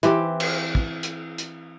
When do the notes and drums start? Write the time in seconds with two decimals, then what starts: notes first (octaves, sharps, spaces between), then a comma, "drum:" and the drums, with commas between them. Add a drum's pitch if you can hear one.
0.03 E3 C4 G4, drum: hi-hat
0.40 drum: cymbal
0.75 drum: kick
1.03 drum: hi-hat
1.38 drum: hi-hat